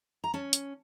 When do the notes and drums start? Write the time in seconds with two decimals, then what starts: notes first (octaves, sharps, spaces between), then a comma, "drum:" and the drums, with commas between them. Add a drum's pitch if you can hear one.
0.24 A#5
0.34 C#4 A5
0.53 drum: hi-hat